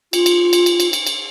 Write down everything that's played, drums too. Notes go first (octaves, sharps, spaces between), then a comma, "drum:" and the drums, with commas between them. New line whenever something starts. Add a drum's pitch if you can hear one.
F4, drum: cymbal
drum: cymbal
drum: cymbal
drum: cymbal
drum: cymbal
drum: cymbal
drum: cymbal